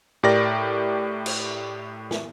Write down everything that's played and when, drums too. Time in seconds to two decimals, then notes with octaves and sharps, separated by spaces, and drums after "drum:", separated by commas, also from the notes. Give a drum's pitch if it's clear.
0.23 A2 G4 A#4 D5 A#6
1.26 drum: cymbal
2.11 drum: snare